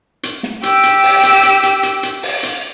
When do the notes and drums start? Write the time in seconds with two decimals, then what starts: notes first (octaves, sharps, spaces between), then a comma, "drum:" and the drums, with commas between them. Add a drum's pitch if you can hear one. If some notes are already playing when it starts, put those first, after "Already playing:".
0.23 drum: hi-hat
0.43 drum: snare
0.63 G4 E6, drum: hi-hat
0.83 drum: hi-hat
1.03 drum: open hi-hat
1.23 drum: hi-hat
1.43 drum: hi-hat
1.63 drum: hi-hat
1.83 drum: hi-hat
2.03 drum: hi-hat
2.23 drum: open hi-hat
2.43 drum: hi-hat